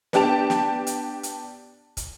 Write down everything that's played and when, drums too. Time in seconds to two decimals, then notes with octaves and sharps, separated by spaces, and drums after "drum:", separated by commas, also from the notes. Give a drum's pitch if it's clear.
0.13 B3 D4 G4 A5 F7, drum: snare
0.50 drum: snare
0.87 drum: hi-hat
1.23 drum: hi-hat
1.97 drum: kick, hi-hat